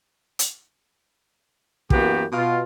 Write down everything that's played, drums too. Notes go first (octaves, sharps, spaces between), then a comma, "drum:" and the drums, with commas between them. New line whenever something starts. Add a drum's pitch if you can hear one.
drum: hi-hat
F#2 E3 A#3 B3 F#4 G4, drum: kick
B2 F4